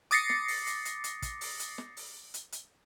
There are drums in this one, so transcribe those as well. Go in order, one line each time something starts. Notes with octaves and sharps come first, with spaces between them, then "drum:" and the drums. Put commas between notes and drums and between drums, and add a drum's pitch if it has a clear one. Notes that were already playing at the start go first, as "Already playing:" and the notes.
D6 D#6 A6 A#6 C7 C#7, drum: hi-hat
drum: snare
drum: open hi-hat
drum: hi-hat
drum: hi-hat
drum: hi-hat
drum: kick, hi-hat
drum: open hi-hat
drum: hi-hat
drum: snare
drum: open hi-hat
drum: hi-hat
drum: hi-hat